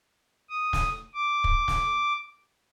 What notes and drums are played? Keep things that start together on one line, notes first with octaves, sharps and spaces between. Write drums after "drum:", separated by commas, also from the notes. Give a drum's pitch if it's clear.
D#6
drum: snare
D6
drum: kick
drum: snare